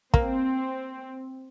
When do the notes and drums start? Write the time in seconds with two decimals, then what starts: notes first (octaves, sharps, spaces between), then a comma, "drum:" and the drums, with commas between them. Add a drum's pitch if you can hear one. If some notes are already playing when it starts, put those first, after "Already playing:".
0.14 A#3 C4, drum: kick